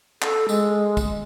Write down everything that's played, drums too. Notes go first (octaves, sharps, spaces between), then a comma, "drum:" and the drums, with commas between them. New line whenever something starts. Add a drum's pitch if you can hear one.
A4, drum: clap
G#3, drum: tambourine
drum: kick, tambourine